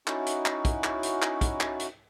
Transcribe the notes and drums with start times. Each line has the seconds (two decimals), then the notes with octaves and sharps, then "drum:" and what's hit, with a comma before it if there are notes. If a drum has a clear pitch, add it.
0.07 C#4 D#4 E4 F#4, drum: clap
0.27 drum: hi-hat
0.46 drum: clap
0.65 drum: kick, hi-hat
0.84 drum: clap
1.03 drum: hi-hat
1.22 drum: clap
1.41 drum: kick, hi-hat
1.60 drum: clap
1.80 drum: hi-hat